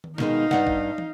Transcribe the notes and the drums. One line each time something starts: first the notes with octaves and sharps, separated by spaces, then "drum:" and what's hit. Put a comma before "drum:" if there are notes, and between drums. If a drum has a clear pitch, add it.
drum: tom D#3
B2 D#3 G#3 D#4 F5, drum: snare
G2 F#5, drum: snare
drum: kick
drum: tom